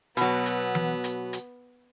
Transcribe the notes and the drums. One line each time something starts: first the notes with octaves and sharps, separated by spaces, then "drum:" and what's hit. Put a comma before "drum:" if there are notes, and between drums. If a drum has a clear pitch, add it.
B2 F#3 B3, drum: hi-hat
drum: hi-hat
drum: tom E3
drum: hi-hat
drum: hi-hat